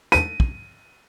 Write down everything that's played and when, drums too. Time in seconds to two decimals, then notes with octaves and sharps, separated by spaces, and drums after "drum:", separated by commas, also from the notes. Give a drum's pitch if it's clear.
0.12 D#7, drum: hi-hat
0.40 drum: kick